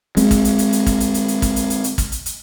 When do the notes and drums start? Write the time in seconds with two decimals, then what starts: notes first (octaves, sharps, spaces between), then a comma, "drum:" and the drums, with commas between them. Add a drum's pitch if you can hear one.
0.17 G#3 C4, drum: hi-hat
0.31 drum: kick, hi-hat
0.45 drum: hi-hat
0.59 drum: hi-hat
0.73 drum: hi-hat
0.86 drum: kick, hi-hat
1.00 drum: hi-hat
1.14 drum: hi-hat
1.28 drum: hi-hat
1.42 drum: kick, hi-hat
1.56 drum: hi-hat
1.70 drum: hi-hat
1.84 drum: hi-hat
1.98 drum: kick, hi-hat
2.12 drum: hi-hat
2.26 drum: hi-hat